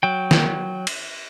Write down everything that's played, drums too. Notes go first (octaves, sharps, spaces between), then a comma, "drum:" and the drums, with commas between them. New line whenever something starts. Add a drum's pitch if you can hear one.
F#3 G5
drum: snare
drum: cymbal